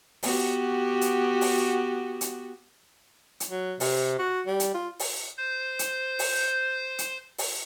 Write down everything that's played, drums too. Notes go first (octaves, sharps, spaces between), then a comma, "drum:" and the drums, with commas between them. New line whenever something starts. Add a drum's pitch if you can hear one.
B3 F#4 G4, drum: open hi-hat
drum: hi-hat
drum: open hi-hat
drum: hi-hat
drum: hi-hat
F#3
C3, drum: open hi-hat
F#4
G3
drum: hi-hat
F4
drum: open hi-hat
C5 G6
drum: hi-hat
drum: open hi-hat
drum: hi-hat
drum: open hi-hat